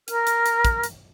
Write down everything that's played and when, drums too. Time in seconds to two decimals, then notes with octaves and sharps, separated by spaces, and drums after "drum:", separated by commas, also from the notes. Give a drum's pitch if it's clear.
0.08 A#4 F6, drum: hi-hat
0.27 drum: hi-hat
0.46 drum: hi-hat
0.65 drum: kick, hi-hat
0.83 drum: hi-hat